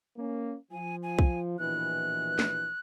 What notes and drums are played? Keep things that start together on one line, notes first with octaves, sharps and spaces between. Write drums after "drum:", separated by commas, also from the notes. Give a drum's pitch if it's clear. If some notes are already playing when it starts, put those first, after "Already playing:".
A#3 C#4
F3 G#5
G#5
drum: kick B1
A#1 B2 E3 F#6
drum: snare